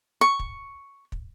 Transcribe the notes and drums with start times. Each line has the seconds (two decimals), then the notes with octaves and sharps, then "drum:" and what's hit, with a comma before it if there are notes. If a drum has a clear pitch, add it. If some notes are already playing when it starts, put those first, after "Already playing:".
0.21 C#6
0.39 drum: kick
1.12 drum: kick